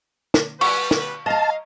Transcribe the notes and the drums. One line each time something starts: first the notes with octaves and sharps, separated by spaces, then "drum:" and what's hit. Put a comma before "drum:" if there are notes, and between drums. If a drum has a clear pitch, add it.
drum: snare
G3 B4 C#6, drum: cymbal
drum: snare
D#5 F5 A5 A#5